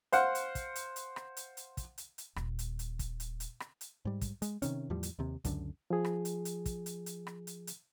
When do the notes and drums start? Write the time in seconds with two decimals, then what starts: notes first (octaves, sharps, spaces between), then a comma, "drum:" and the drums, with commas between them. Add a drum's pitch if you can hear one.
0.12 C5 F5 F#5, drum: hi-hat
0.35 drum: hi-hat
0.55 drum: kick, hi-hat
0.76 drum: hi-hat
0.96 drum: hi-hat
1.16 drum: rim click
1.37 drum: hi-hat
1.57 drum: hi-hat
1.77 drum: kick, hi-hat
1.98 drum: hi-hat
2.18 drum: hi-hat
2.36 D#1, drum: rim click
2.59 drum: hi-hat
2.79 drum: hi-hat
2.99 drum: kick, hi-hat
3.20 drum: hi-hat
3.40 drum: hi-hat
3.60 drum: rim click
3.81 drum: hi-hat
4.05 G#2 G3
4.21 drum: kick, hi-hat
4.42 G#3, drum: hi-hat
4.62 C3 D#3 C#4, drum: hi-hat
4.90 E2 A2 F3 G3
5.03 drum: hi-hat
5.19 D#2 C3
5.45 C#2 F#2 D3, drum: kick, hi-hat
5.90 F3 G#4
6.05 drum: rim click
6.25 drum: hi-hat
6.45 drum: hi-hat
6.66 drum: kick, hi-hat
6.86 drum: hi-hat
7.06 drum: hi-hat
7.27 drum: rim click
7.47 drum: hi-hat
7.67 drum: hi-hat